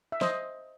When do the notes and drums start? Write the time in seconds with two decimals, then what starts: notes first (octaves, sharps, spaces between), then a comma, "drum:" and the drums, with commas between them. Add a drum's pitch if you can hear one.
0.12 E5
0.21 C5 D#5, drum: snare